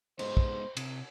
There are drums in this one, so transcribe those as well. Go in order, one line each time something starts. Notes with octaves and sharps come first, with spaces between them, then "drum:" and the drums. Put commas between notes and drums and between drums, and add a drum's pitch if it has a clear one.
G#3 B3 D#4 C5, drum: cymbal
drum: kick
C3, drum: cymbal